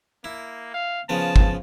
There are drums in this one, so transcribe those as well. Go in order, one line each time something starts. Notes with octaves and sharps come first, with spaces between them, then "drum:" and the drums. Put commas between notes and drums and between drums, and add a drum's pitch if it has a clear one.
A#3 E4
F5
C#3 F3 B3 A5
drum: kick